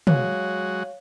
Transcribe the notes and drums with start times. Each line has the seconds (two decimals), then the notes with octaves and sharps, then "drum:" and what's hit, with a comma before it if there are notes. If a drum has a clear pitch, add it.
0.07 F#3 G#3 F#4 C#5 F5, drum: tom